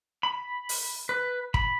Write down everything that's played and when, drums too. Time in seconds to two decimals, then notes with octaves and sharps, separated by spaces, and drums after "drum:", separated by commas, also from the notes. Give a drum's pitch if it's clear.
0.23 B5
0.69 drum: open hi-hat
1.09 B4
1.54 B5, drum: kick